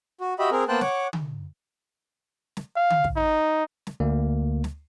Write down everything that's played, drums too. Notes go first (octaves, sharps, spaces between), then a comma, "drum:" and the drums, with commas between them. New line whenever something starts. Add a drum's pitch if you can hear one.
F#4
F#4 G4 D#5 E5 B5
C4 G#4 A#4
A#3 B3 C5 G5 A5 F#6
C#5 F#5 D6, drum: snare
drum: tom D3
drum: snare
F5
drum: tom D3
drum: kick
D#4
drum: snare
D2 A#3
drum: snare